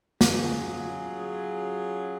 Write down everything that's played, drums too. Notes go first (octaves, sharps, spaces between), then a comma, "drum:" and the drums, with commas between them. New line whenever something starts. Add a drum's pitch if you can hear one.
F#3 C#4 F4 G#4, drum: snare